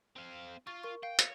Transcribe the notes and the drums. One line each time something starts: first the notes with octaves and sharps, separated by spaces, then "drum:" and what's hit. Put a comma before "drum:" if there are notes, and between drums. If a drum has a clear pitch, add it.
C4 F5
F4 C#6 A6
A#4 C#6
F5 G5
C#5, drum: hi-hat